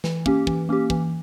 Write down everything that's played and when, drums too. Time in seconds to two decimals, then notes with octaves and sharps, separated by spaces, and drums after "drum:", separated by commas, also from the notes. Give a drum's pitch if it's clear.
0.04 E3, drum: snare
0.26 A#3 C#4 G4, drum: kick
0.47 E3, drum: kick
0.69 A#3 C#4 G4
0.90 E3, drum: kick